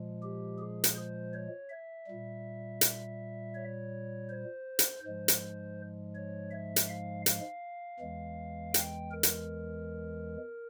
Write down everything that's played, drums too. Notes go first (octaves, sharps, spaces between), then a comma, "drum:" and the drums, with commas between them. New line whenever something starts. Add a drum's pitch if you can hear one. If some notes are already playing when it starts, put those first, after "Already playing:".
Already playing: A#2 F3 G#3
G4
G#4
drum: hi-hat
C5
C#5
E5
A#2 G3
drum: hi-hat
C#5
C5
drum: hi-hat
G#2 F3 G#3 C5
drum: hi-hat
C#5
E5
drum: hi-hat
F5
F5, drum: hi-hat
E2 E3 G#3
G5, drum: hi-hat
A#4
drum: hi-hat